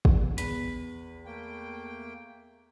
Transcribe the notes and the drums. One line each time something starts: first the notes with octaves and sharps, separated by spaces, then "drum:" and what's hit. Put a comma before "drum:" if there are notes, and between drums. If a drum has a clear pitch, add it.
drum: kick
E2 B4, drum: hi-hat
A3 A#3 G5